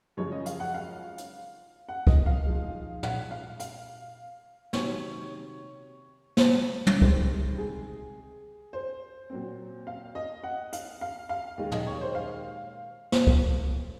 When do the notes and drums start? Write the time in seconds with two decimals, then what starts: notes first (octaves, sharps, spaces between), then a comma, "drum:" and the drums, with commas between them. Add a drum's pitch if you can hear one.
0.17 F#2 C#3 F3 G#3 C#4 C#5
0.32 D#5
0.46 F5, drum: hi-hat
0.60 F#5
0.74 F5
1.18 drum: hi-hat
1.89 F#5
2.07 D#5, drum: kick
2.26 F5
2.46 G#2 F3 G#3
3.03 F#5, drum: tom
3.31 F5
3.60 F5, drum: hi-hat
4.73 C3 D#3 F#3 C#5, drum: snare
6.37 drum: snare
6.87 drum: tom
7.02 C#2 C3 D#3 G#3 C5, drum: kick
7.58 G#4
8.73 C5
9.30 A#2 F#3 C4
9.87 F5
10.15 D#5
10.44 F#5
10.73 F5, drum: hi-hat
11.01 F5
11.29 F5
11.58 D#2 D#3 G#3
11.72 D#5, drum: tom
11.87 C#5
12.01 C5
12.15 F5
13.12 drum: snare
13.27 drum: kick